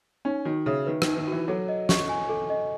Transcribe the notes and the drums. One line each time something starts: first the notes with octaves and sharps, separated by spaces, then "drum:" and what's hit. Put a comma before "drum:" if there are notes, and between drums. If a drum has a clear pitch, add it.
C#4 D#4
D#3 F#4
C#3 E5
D#3 B4
D#3, drum: rim click
D#4
D#3
E3 F#4
F#3 A4
D#5
C#6, drum: snare
G#5
A4
D#5